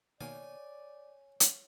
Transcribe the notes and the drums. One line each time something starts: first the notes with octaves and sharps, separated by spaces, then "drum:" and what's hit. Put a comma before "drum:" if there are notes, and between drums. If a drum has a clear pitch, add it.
B2 D#3 A#3 C#5 D5 G#5
drum: hi-hat